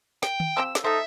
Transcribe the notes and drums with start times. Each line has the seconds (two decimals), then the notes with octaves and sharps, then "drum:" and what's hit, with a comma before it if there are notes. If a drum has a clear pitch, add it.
0.23 G5, drum: snare
0.40 drum: tom D#3
0.57 F3 C4 G4 E6
0.75 drum: snare
0.84 A3 D#4 A4 C5 E5